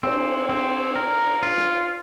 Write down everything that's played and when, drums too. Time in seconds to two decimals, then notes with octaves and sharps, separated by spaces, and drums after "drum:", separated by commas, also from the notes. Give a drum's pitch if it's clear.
0.03 C4, drum: cymbal
0.49 C4
0.96 A#4
1.43 F4
1.57 drum: snare